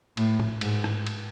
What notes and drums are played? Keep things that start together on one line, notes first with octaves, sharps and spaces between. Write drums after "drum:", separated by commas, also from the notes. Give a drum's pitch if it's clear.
A2, drum: cymbal
drum: tom
G#2, drum: cymbal
drum: rim click
drum: cymbal